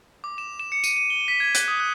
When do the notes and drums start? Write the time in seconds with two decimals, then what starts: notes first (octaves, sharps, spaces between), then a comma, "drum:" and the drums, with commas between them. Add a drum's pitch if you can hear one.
0.24 D6
0.38 E7
0.60 E7
0.72 C#7
0.84 D#7, drum: tambourine
0.96 D#7
1.10 G7
1.28 B6
1.40 G#6
1.55 F#6, drum: hi-hat
1.68 D#6
1.80 F#6